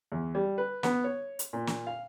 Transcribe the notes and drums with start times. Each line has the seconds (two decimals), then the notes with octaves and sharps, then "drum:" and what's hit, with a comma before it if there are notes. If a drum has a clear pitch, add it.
0.12 E2
0.35 G3
0.58 B4
0.83 B3, drum: snare
1.04 C#5
1.39 drum: hi-hat
1.53 A#2
1.67 drum: snare
1.87 F5